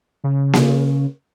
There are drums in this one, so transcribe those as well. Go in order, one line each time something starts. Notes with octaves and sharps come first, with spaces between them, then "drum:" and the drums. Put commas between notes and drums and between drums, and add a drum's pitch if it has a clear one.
C#3
drum: snare A#3